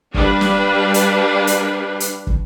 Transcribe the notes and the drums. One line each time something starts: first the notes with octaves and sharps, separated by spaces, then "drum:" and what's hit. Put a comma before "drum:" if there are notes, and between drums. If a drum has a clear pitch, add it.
G3 D4 B4 F5, drum: kick
drum: snare
drum: hi-hat
drum: hi-hat
drum: hi-hat
drum: kick